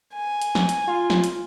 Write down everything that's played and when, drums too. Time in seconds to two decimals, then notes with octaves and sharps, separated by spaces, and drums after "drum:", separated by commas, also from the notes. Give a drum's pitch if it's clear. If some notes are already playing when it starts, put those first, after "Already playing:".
0.14 G#5
0.42 drum: hi-hat
0.55 drum: snare
0.69 drum: hi-hat
0.87 F4
1.10 drum: snare
1.24 drum: hi-hat